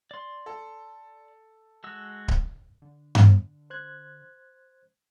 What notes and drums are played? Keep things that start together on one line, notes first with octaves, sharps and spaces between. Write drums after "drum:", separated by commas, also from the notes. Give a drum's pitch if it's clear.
D5 C6
A4
G#3 F#4 E6
drum: kick D1
D3
drum: tom G2
C5 F#6 G#6